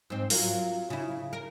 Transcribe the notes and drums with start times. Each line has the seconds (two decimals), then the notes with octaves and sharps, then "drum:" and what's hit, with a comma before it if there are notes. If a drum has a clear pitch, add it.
0.10 G#2 C4
0.30 F#3 F4 A#4, drum: open hi-hat
0.90 C#3 E4
1.33 A#4